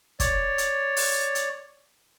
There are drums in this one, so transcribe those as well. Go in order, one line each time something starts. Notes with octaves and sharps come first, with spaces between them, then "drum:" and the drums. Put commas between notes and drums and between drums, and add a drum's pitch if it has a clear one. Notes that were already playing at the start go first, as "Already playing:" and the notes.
C#5 D5, drum: kick, hi-hat
drum: hi-hat
drum: open hi-hat
drum: hi-hat